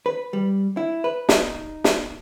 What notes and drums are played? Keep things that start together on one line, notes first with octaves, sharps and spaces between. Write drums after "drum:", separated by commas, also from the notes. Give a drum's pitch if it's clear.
B4
G3
E4
B4
D#4, drum: snare
drum: snare